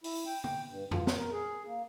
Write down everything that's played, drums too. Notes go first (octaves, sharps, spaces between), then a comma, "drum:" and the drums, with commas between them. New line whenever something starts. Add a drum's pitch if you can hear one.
E4, drum: open hi-hat
G5
G5, drum: tom
G2
F4, drum: tom F2
drum: snare
A#4
G#4
A#3